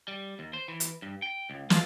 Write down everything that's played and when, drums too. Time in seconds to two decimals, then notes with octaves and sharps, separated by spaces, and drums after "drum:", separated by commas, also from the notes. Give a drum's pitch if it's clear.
0.08 G3
0.39 D#2
0.53 C5
0.68 E3
0.80 drum: hi-hat
1.02 G2
1.22 G5
1.50 C#2
1.70 F4, drum: snare